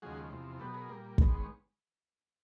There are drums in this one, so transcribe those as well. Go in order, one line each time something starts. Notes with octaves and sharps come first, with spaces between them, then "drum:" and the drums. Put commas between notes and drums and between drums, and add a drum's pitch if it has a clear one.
D#2 C#3 F3 G#3 F#4 G#4
E2 C3 F3
B2 F#3 B3 G4 A4
G#4 A#4
A#2 G3 A#3
G#2 D#3 G#3 B3, drum: kick
C#5